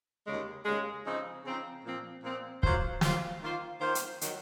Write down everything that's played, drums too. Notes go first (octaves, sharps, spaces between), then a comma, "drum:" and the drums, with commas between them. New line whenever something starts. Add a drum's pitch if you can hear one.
D#2 C#3 G#3
D#2 C#3 G#3
C#3 F3 C4 D#4
C#3 F3 C4 D#4
A#2 F3 C4
A#2 F3 C4
F#3 A#3 F4 C5, drum: kick
F#3 A#3 F4 C5, drum: snare
D#3 A#3 F4 C5
D#3 A#3 F4 C5
drum: hi-hat
D#3 F#3, drum: hi-hat